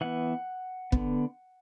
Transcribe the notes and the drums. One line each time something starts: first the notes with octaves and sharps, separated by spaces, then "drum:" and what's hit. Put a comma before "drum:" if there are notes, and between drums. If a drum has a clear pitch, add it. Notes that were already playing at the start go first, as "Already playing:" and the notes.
E3 B3 F#5
D3 B3, drum: kick